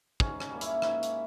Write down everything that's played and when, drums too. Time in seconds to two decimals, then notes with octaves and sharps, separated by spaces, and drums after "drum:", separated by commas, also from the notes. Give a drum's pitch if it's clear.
0.20 G#2 C#4, drum: kick
0.40 C#4, drum: rim click
0.51 G3 A#3
0.61 E4, drum: hi-hat
0.82 G#2 E4, drum: rim click
1.03 drum: hi-hat